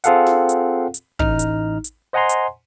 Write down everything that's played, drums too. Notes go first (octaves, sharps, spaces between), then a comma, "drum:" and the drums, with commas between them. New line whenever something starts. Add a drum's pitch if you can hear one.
C4 F4 G#4 A4 F5 F#5, drum: hi-hat
drum: snare
drum: hi-hat
drum: hi-hat
A1 D#4 F6, drum: kick
drum: hi-hat
drum: hi-hat
C5 D#5 F#5 G#5 A#5 C6
drum: hi-hat